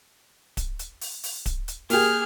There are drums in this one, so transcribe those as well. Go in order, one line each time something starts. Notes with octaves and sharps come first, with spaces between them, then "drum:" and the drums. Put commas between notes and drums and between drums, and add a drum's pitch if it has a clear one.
drum: kick D1, hi-hat
drum: hi-hat
drum: open hi-hat
drum: open hi-hat
drum: kick D1, hi-hat
drum: hi-hat
A#3 G4 G#4 F6, drum: open hi-hat